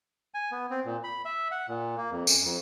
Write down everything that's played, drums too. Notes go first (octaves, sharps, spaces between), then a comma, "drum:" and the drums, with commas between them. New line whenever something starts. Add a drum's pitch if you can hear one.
G#5
B3
C4
A#2
B5
E5
F#5
A#2
A#3
F2
F#2, drum: tambourine
F2